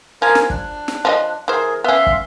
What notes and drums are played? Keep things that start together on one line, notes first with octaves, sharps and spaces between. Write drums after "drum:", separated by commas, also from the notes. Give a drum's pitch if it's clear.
F3 A#4 G#5
drum: snare
D4, drum: kick
drum: snare
F3 A4 D#5
E3 G#4 A#4 C5
B3 C#4 E5 F5 C6
drum: kick